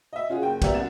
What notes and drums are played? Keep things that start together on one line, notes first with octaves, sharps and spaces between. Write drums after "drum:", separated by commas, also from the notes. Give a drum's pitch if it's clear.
D#5 E5
C#4 F4 F#4 G#4
F#1 G5
B3 G4 A#4 D5 E5, drum: kick, cymbal
C2 F#2 F#4 A6 E7